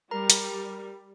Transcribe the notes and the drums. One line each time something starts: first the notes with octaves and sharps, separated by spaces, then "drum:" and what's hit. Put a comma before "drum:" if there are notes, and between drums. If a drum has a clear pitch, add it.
G3 A#4 A#5
drum: hi-hat